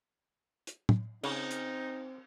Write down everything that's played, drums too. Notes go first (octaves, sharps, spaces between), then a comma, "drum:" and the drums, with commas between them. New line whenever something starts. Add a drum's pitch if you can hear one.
drum: hi-hat
drum: tom
C#3 C4 D#4, drum: cymbal
drum: hi-hat